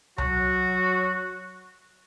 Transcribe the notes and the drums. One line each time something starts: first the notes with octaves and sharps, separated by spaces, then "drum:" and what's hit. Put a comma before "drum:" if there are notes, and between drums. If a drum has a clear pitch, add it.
F#3 F#4, drum: tom C2